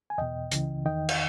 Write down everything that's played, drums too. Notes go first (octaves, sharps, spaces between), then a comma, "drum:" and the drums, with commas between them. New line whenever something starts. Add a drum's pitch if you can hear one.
G#5
E2 B2 D#5 G5
C#2 C#3 E3, drum: hi-hat
E2 D#3 D#5 G5
drum: cymbal